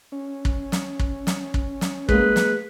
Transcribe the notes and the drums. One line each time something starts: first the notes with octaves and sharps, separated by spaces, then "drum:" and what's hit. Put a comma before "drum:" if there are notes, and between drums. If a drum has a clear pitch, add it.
C#4
drum: kick
drum: snare
drum: kick
drum: snare
drum: kick
drum: snare
G#3 A#3 B4, drum: kick
drum: snare